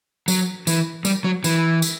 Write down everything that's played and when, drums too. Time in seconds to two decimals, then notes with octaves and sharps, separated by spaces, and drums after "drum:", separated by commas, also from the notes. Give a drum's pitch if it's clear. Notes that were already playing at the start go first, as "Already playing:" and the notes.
0.28 F#3, drum: tambourine
0.67 E3, drum: tambourine
1.05 G3, drum: tambourine
1.24 F#3
1.44 E3, drum: tambourine
1.82 drum: tambourine